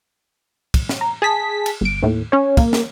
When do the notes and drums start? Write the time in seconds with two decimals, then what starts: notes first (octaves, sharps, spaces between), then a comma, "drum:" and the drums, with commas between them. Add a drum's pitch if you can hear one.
0.74 drum: kick, cymbal
0.89 drum: snare
1.01 A#5
1.22 G#4 A5 B6
1.66 drum: cymbal
1.81 G1 D7
2.02 D#2 A2
2.32 C#4 C#5
2.57 A#3, drum: kick, cymbal
2.73 drum: snare